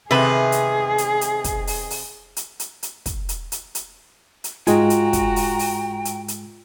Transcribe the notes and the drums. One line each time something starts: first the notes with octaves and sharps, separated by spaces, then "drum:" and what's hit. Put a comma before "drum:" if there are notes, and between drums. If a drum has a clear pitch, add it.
C3 D#3 B3 G#4 B4 E5
drum: hi-hat
drum: hi-hat
drum: hi-hat
drum: kick, hi-hat
drum: open hi-hat
drum: open hi-hat
drum: hi-hat
drum: hi-hat
drum: hi-hat
drum: kick, hi-hat
drum: hi-hat
drum: hi-hat
drum: hi-hat
drum: hi-hat
G#2 G#3 F4 F#4 G5 G#5 A#5, drum: hi-hat
drum: hi-hat
drum: kick, hi-hat
drum: open hi-hat
drum: open hi-hat
drum: hi-hat
drum: hi-hat